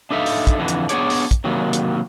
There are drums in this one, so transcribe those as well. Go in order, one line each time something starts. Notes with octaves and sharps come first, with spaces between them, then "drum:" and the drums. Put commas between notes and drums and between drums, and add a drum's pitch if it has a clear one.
D4 D#4 A4 E5 F5
drum: open hi-hat
drum: kick, hi-hat
F2 D3 E3
drum: hi-hat
B3 D4 G#4 C#5 D5, drum: hi-hat
drum: open hi-hat
drum: kick, hi-hat
C3 D#3 F#3 A#3
drum: hi-hat